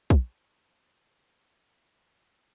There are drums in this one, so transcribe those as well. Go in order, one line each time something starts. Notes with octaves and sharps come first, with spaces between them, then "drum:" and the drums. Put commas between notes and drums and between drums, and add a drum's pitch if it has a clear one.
C4 D#4 C5 A5 B5 C#6, drum: kick